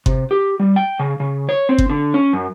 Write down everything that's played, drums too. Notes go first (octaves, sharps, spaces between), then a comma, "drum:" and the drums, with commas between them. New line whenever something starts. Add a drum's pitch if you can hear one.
C3, drum: kick G1
G4
G3
G5
C#3
C#3
C#5
C4
drum: kick G1
D3
C#4
F#2